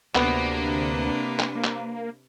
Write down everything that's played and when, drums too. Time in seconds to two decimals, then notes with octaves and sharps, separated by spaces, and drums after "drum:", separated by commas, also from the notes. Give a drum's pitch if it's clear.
0.15 D2 C3 A#3 B3 D4 B4, drum: clap
1.40 drum: clap
1.55 A#3
1.64 drum: clap